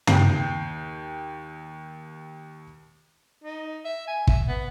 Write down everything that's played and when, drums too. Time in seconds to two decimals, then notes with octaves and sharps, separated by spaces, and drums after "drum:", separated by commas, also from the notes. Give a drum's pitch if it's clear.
0.07 D#2 G5 C7, drum: tom
3.44 D#4
3.84 E5
4.08 G#5
4.27 E5, drum: kick
4.48 B3